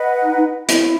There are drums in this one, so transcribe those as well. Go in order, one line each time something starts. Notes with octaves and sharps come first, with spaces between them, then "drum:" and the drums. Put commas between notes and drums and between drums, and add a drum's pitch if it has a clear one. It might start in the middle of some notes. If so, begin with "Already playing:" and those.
Already playing: B4 D#5 F#5
D#4
E4, drum: hi-hat